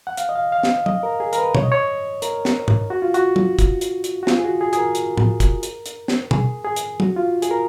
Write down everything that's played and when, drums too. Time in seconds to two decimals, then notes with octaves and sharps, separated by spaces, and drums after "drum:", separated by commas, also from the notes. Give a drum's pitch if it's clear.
0.07 F#5
0.17 F5, drum: hi-hat
0.29 D#5
0.36 F5
0.52 F5
0.63 drum: snare
0.86 D#5, drum: tom
1.03 A#4
1.20 G#4
1.33 A#4, drum: hi-hat
1.38 B4
1.55 C#5, drum: tom
1.63 D#5
1.72 C#5
2.22 A#4, drum: hi-hat
2.45 drum: snare
2.68 drum: tom
2.90 F#4
3.02 F4
3.14 F#4, drum: hi-hat
3.36 drum: tom
3.59 drum: kick, hi-hat
3.81 drum: hi-hat
4.04 drum: hi-hat
4.23 F#4
4.27 F4, drum: snare
4.38 G#4
4.44 F#4
4.61 G#4
4.73 G#4, drum: hi-hat
4.77 A#4
4.95 drum: hi-hat
5.18 drum: tom
5.40 drum: kick, hi-hat
5.63 drum: hi-hat
5.86 drum: hi-hat
6.08 drum: snare
6.31 G#4, drum: tom
6.64 G#4
6.76 drum: hi-hat
7.00 F#4, drum: tom
7.16 F4
7.42 G#4, drum: hi-hat
7.51 A#4